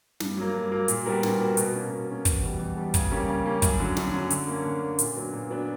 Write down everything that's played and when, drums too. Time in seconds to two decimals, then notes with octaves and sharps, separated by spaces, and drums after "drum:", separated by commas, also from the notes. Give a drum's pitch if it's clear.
0.20 G2, drum: snare
0.37 F#3 A#3
0.54 G2
0.72 F#3 A#3
0.88 A#2, drum: hi-hat
1.06 G3 B3 F#4 A#4
1.23 A#2, drum: snare
1.40 G3 B3 F#4 A#4
1.57 B2, drum: hi-hat
1.74 A#3 C#4
1.91 B2
2.09 A#3 C#4
2.25 E2, drum: kick, hi-hat
2.43 B2 G3
2.59 E2
2.77 B2 G3
2.94 C#3, drum: kick, hi-hat
3.11 G3 A#3 C#4
3.28 C#3
3.45 G3 A#3 C#4
3.62 F#2, drum: kick, hi-hat
3.79 D3 F#3 C#4
3.97 F#2, drum: snare
4.13 D3 F#3 C#4
4.31 D3, drum: hi-hat
4.48 A#3 C#4
4.65 D3
4.82 A#3 C#4
4.99 A#2, drum: hi-hat
5.16 F#3 B3 D4
5.33 A#2
5.50 F#3 B3 D4